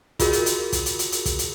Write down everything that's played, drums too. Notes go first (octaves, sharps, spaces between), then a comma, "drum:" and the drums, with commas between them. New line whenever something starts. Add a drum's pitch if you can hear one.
F4 F#4 G#4 A#4, drum: kick, hi-hat
drum: hi-hat
drum: hi-hat
drum: kick, hi-hat
drum: hi-hat
drum: hi-hat
drum: hi-hat
drum: kick, hi-hat
drum: hi-hat